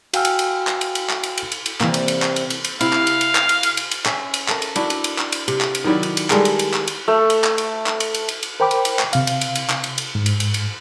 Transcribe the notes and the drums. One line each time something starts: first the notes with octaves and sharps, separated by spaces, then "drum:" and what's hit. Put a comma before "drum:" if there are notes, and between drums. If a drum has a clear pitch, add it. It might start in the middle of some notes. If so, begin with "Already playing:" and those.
F#4 F5 G5 G#5 E6 F6, drum: cymbal
drum: cymbal
drum: cymbal
drum: clap
drum: cymbal
drum: cymbal
drum: clap
drum: cymbal
drum: cymbal
drum: cymbal
drum: cymbal
C3 E3 G3 A#3, drum: clap
drum: cymbal
drum: cymbal
drum: clap
drum: cymbal
drum: cymbal
drum: cymbal
C3 E4 F5, drum: cymbal
drum: clap
drum: cymbal
drum: cymbal
drum: clap
drum: cymbal
drum: cymbal
drum: cymbal
drum: cymbal
C#4 E5, drum: clap
drum: cymbal
A4 A#4, drum: clap
drum: cymbal
D4 E4 F#4, drum: cymbal
drum: cymbal
drum: cymbal
drum: clap
drum: cymbal
C3, drum: cymbal
drum: clap
drum: cymbal
D#3 F#3 E4 D5
drum: cymbal
drum: cymbal
G3 G#3 A4 A#4, drum: clap
drum: cymbal
drum: cymbal
drum: clap
drum: cymbal
A3
drum: cymbal
drum: clap
drum: cymbal
drum: clap
drum: cymbal
drum: cymbal
drum: cymbal
drum: cymbal
A#4 C5 G5 B5 D6
drum: cymbal
drum: cymbal
drum: clap
C3 F5, drum: cymbal
drum: cymbal
drum: cymbal
drum: cymbal
drum: clap
drum: cymbal
drum: cymbal
G#2
drum: cymbal
drum: cymbal
drum: cymbal